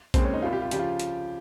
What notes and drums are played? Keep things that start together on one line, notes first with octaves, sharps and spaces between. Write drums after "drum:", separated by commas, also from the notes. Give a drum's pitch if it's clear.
D#2 C#3 G#3 C4, drum: kick A#1, hi-hat
C#4
D#4
C2 C3 G3 F4
G4
F4
C#3 F3 G4, drum: hi-hat
F4
drum: hi-hat